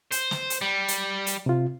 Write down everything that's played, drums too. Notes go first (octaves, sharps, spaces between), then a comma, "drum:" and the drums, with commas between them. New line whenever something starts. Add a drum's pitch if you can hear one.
C5, drum: hi-hat
drum: snare
drum: hi-hat
G3
drum: hi-hat
drum: hi-hat
C3 F4